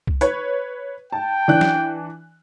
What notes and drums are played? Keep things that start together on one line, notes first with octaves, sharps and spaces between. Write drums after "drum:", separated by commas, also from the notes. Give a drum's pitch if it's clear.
drum: kick C2
B4 C#5, drum: hi-hat
G5 A5
E3 D4 F#6
drum: snare